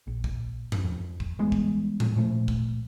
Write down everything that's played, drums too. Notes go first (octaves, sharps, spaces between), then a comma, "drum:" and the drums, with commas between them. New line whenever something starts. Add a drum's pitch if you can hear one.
A#1
drum: kick
drum: tom F#2
F2
drum: kick
E3 G3 G#3 B3
drum: kick
drum: tom A2
A#2 F3 A3
drum: kick